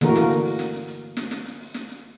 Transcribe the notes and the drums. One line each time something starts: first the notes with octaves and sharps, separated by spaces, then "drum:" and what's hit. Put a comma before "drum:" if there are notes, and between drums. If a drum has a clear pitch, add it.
D3 E3 A#3 F#4 A#4, drum: snare
drum: snare
drum: hi-hat
drum: open hi-hat
drum: snare
drum: hi-hat
drum: hi-hat
drum: snare
drum: snare
drum: hi-hat
drum: open hi-hat
drum: snare
drum: hi-hat